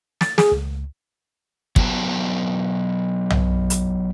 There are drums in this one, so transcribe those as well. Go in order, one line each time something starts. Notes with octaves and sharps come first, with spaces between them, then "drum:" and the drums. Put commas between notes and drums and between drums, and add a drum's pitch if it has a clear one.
A6, drum: snare
G#4, drum: snare
C#2
F#3 B3 G4 A5, drum: kick
drum: tom
drum: hi-hat